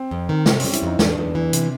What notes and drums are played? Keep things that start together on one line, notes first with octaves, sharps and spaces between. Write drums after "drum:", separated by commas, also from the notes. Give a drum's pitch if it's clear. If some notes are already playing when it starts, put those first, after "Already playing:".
Already playing: C4
F2
D#3
C3 C4, drum: snare
C#4, drum: open hi-hat
G3
E4, drum: hi-hat
F2 D#4
E2 D4, drum: snare
E2
E3
C3, drum: hi-hat